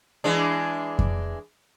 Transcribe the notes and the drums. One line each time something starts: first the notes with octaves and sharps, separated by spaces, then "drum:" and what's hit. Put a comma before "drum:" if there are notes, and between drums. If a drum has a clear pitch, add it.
E3 G#3 D4
drum: kick F2